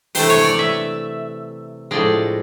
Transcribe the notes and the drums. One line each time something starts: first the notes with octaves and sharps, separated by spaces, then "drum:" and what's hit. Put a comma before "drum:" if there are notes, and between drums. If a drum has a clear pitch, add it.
C3 E3 A3 C5, drum: open hi-hat
C#5
D5
E5
A2 F3 G#3 D5